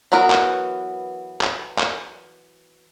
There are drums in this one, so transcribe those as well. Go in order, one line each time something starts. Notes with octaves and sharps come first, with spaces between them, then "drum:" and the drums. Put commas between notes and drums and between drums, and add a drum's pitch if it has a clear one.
E3 F#3 B3 F#4 A#4
drum: clap
drum: clap
drum: clap